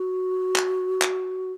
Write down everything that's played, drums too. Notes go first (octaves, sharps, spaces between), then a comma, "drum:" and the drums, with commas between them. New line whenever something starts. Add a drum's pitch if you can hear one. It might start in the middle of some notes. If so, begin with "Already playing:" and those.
Already playing: F#4
drum: clap
drum: clap